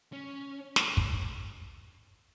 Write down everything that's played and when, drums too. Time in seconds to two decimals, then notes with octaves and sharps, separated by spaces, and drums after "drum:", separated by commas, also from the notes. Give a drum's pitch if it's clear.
0.13 C#4
0.76 drum: snare
0.97 drum: kick